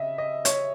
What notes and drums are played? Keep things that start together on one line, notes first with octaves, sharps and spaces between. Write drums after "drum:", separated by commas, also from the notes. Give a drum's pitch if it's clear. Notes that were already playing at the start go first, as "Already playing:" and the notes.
Already playing: C#3 D#5 E5
D#5
C#5, drum: hi-hat